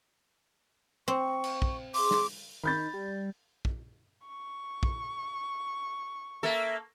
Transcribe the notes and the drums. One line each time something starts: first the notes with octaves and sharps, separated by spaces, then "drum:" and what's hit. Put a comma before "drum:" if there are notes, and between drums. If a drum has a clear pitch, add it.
C4 C#6
drum: cymbal
drum: kick
G#4 C6 D6, drum: open hi-hat
drum: snare
D#3 B5 G6 A6
G3
drum: kick
C#6
drum: kick
A#3 A4 E5